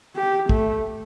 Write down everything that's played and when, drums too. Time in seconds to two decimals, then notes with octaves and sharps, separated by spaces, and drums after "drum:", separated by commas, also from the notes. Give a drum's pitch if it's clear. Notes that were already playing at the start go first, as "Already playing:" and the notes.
0.16 G4
0.49 A3, drum: kick